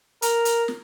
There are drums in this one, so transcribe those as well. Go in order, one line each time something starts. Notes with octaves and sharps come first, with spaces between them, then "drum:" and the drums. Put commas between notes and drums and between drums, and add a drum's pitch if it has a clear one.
A#4, drum: hi-hat
drum: hi-hat
drum: snare